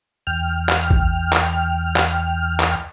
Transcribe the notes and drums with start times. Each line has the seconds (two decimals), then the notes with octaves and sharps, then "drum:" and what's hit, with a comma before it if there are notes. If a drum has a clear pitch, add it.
0.27 E2 G5 F6
0.69 drum: clap
0.90 drum: kick A1
1.33 drum: clap
1.96 drum: clap
2.60 drum: clap